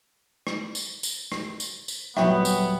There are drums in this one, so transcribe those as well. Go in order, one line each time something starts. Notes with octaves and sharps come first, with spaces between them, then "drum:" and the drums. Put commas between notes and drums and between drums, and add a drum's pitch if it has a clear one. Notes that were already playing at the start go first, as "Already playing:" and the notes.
drum: rim click
drum: tambourine
drum: tambourine
drum: rim click
drum: tambourine
drum: tambourine
D#1 F#3 B3 E5 G5 C#6, drum: rim click
drum: tambourine